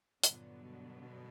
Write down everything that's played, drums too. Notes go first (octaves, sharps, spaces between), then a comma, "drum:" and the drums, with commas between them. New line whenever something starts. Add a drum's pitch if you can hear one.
G2 A#2 D3 F#3 B3, drum: hi-hat
B2
B2